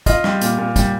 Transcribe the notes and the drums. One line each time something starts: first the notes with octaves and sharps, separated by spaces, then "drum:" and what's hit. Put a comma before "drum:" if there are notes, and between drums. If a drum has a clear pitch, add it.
F4 D#5, drum: kick, hi-hat
G3, drum: rim click
A#2, drum: hi-hat
A#2
G3, drum: kick, hi-hat